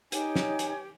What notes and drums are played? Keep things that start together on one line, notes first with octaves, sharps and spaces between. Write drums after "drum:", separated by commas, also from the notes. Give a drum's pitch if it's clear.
D#4 G4 C#5 G#5, drum: hi-hat
drum: snare
drum: hi-hat